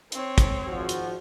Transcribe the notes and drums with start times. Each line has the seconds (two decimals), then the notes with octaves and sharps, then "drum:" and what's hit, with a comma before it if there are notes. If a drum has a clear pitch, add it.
0.12 C4 C#5, drum: hi-hat
0.38 drum: kick, hi-hat
0.67 G#1 F3 F#4
0.89 drum: hi-hat